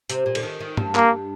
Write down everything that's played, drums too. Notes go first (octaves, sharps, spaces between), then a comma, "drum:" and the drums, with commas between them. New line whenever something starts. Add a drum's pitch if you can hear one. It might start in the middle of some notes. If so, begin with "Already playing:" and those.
C3, drum: hi-hat
A#2
D3, drum: cymbal
D#3
D#3
G2, drum: tom G2
A#3, drum: clap